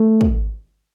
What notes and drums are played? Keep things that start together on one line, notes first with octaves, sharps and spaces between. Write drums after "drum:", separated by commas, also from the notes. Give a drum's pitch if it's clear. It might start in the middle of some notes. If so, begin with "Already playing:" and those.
Already playing: A3
drum: kick